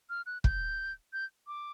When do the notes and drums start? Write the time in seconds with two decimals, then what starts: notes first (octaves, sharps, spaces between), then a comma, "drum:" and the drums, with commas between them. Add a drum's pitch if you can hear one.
0.10 F6
0.26 F#6
0.44 G6, drum: kick
1.13 G6
1.47 D6